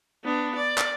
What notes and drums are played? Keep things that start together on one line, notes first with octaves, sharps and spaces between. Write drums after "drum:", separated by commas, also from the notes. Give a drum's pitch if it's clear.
B3 D4
D5
drum: clap